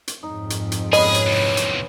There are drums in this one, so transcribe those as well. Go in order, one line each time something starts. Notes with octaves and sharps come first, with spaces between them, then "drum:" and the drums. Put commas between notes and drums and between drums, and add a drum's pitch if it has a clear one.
drum: hi-hat
F2 G#2 D#4
drum: hi-hat
drum: hi-hat
B3 C#4 G#4 B4 D#5, drum: open hi-hat
drum: hi-hat
E2 C3
drum: hi-hat